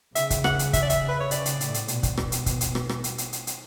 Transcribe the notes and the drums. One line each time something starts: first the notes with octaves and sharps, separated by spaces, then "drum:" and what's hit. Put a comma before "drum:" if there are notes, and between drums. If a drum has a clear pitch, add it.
C#3 E5, drum: hi-hat
drum: kick, hi-hat
F#5, drum: rim click
drum: hi-hat
E5, drum: kick, hi-hat
D5
E5, drum: hi-hat
B4
C#5
C#3 D5, drum: hi-hat
drum: hi-hat
A2, drum: hi-hat
drum: hi-hat
B2, drum: hi-hat
drum: kick, hi-hat
drum: rim click
drum: hi-hat
drum: kick, hi-hat
drum: hi-hat
drum: rim click
drum: rim click
drum: hi-hat
drum: hi-hat
drum: hi-hat
drum: hi-hat